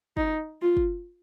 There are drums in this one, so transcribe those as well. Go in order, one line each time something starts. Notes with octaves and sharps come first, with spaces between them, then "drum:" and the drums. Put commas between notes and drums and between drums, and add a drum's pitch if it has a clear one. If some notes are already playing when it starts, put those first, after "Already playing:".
D#4, drum: kick
F4
drum: kick